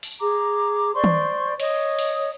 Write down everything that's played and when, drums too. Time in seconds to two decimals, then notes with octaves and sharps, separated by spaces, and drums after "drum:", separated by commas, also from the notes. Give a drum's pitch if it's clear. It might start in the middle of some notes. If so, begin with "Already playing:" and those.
0.03 drum: open hi-hat
0.20 G#4 A#5 D6
0.94 C5 D5 C6 C#6
1.04 drum: tom
1.60 C#5 D#5 D#6, drum: cymbal
1.99 drum: open hi-hat